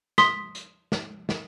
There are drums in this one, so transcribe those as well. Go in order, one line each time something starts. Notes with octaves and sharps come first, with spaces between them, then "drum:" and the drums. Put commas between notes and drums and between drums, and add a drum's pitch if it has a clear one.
C6 D#6 B6, drum: snare
drum: hi-hat
drum: snare
drum: snare